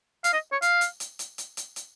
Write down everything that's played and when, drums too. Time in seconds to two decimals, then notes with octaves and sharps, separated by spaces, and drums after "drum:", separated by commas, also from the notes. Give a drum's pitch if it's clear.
0.24 F5, drum: hi-hat
0.33 D#5
0.52 C#5
0.62 F5, drum: hi-hat
0.81 drum: hi-hat
1.00 drum: hi-hat
1.19 drum: hi-hat
1.38 drum: hi-hat
1.57 drum: hi-hat
1.76 drum: hi-hat